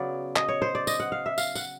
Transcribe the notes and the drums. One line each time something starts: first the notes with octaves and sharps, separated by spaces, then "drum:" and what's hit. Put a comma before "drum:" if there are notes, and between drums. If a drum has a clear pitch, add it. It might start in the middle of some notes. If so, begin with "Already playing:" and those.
Already playing: C#3 F#3 B3 D5
D#5, drum: clap
C#5
C5
D5
D#5, drum: tambourine
F#5
F5
E5
F5, drum: tambourine
F#5, drum: tambourine